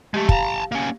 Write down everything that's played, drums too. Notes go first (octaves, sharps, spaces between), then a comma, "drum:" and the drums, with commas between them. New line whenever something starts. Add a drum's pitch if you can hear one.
G#3 A3 G4
F5 A5 A#5, drum: kick
A#3 C#4